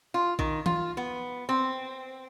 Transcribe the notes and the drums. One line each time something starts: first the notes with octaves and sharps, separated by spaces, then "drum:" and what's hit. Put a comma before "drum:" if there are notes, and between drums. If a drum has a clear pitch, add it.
F4
D#3, drum: kick A#1
F4, drum: tom E3
B3
C4